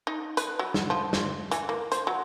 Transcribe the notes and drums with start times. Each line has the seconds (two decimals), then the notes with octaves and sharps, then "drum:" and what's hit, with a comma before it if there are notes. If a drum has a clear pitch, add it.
0.07 D#4
0.37 B4, drum: hi-hat
0.59 F#3
0.74 drum: snare
0.90 F3
1.13 drum: snare
1.51 E3, drum: hi-hat
1.69 A#3
1.92 C5, drum: hi-hat
2.07 F#3